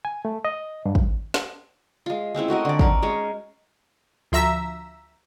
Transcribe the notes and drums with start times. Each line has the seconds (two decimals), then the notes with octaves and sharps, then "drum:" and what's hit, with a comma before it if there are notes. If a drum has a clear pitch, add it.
0.05 G#5
0.25 A3
0.45 D#5
0.86 G2
0.95 drum: kick
1.34 drum: snare
2.06 G#3 F4
2.35 G#3 C4 C#4 E4
2.48 A3 F#4 A#4 D#5
2.65 D3 D5
2.79 D#4 A#4 D5, drum: kick
3.02 G#3 C#4 C#5
4.32 D2 F3 E5 A#5 E6 B6